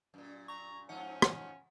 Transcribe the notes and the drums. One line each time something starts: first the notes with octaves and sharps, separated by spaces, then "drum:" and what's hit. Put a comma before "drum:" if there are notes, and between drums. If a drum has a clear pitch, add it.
F#2 A#2
A#5 C#6
G#2 F3 C#4 D#4 F#5
drum: rim click